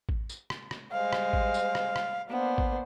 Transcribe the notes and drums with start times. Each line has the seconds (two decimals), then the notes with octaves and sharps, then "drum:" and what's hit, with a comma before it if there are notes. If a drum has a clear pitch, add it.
0.09 drum: kick A1
0.29 drum: tambourine
0.50 drum: rim click
0.71 drum: rim click
0.92 G3 G#3 C5 F5
1.13 drum: rim click
1.33 drum: kick A1
1.54 drum: tambourine
1.75 drum: rim click
1.96 drum: rim click
2.29 A#3 B3 D4 C5
2.58 drum: kick A1